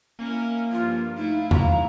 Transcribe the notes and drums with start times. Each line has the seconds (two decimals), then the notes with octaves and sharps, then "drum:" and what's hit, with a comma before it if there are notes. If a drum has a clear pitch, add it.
0.19 A#3 C#4 E4 A#4
0.72 G2 F3 F4
1.16 A3 D#4 E4 F5
1.51 D#2 F5 A#5, drum: tom E2